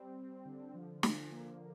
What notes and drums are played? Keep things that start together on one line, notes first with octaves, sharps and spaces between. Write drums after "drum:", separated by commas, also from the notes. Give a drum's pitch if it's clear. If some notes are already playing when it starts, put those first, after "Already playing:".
Already playing: G3 C4
C4
D3
F3
F3, drum: snare
A#3